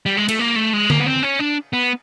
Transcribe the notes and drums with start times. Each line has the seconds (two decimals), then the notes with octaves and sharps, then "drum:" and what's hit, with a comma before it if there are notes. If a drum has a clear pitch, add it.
0.06 G3
0.17 G#3
0.28 A3, drum: cymbal
0.39 A#3
0.56 A3
0.73 G#3
0.90 A#3, drum: tom D3
1.00 B3
1.06 C4
1.23 C#4
1.39 D4
1.73 B3